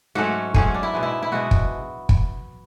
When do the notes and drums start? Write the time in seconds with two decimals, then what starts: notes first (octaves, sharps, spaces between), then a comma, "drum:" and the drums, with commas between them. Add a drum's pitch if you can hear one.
0.15 G#2 F#3 A3 C#4 F#4
0.54 G#2 F#3 A3 C#4 G#4, drum: kick
0.74 D4
0.83 E4
0.94 B2 G#3 B3
1.03 E4
1.22 E4
1.32 B2 G#3 B3 F#4
1.51 drum: kick
2.09 drum: kick